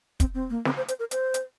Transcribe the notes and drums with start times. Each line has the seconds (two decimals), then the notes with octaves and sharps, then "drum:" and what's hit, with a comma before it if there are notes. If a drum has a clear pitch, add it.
0.20 C4, drum: kick, hi-hat
0.34 C4
0.50 A#3
0.65 C4, drum: snare
0.77 C5
0.88 C5, drum: hi-hat
0.99 A#4
1.11 C5, drum: hi-hat
1.34 drum: hi-hat